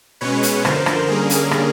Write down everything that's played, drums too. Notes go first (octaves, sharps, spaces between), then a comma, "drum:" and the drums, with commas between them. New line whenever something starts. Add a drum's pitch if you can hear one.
B2 G#3 C#4 B4 C#5
drum: hi-hat
F#2 D3 F3 A#4 C5, drum: rim click
drum: rim click
D3 G3 A#3 C#4 G#4 A#4
drum: hi-hat
drum: rim click